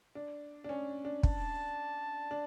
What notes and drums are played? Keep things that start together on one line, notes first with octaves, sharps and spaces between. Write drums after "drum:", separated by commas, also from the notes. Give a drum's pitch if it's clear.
D4
D4
C#4
D4
A5, drum: kick
D4